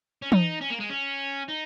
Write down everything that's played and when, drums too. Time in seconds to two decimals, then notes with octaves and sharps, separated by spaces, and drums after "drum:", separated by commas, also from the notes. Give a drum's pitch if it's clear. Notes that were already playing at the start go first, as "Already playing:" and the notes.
0.22 C#4
0.32 D#4, drum: tom
0.61 C#4
0.70 A#3
0.80 G#3
0.90 C#4
1.48 D#4